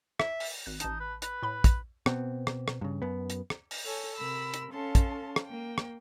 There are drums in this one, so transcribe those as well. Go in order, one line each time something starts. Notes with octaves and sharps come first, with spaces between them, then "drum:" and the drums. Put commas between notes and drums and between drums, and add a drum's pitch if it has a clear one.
E5, drum: rim click
drum: open hi-hat
G#1 F#6
A1 D#4 A5, drum: hi-hat
B4
B4, drum: hi-hat
A2 B5
drum: kick, hi-hat
B2 B3 C4, drum: rim click
drum: rim click
drum: rim click
G2 C#3
F#2 B3
drum: hi-hat
drum: rim click
drum: open hi-hat
A4 C#5 G#5
C3 A#4 B5 E6
drum: hi-hat
C#4 A4 F5 A5 C6
drum: kick, hi-hat
drum: rim click
A#3 G5
drum: rim click